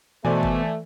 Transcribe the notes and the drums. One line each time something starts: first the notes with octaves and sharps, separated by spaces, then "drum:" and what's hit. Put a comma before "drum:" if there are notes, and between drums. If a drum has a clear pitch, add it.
B2 E3 A3 C5 D5 G#5
drum: kick G1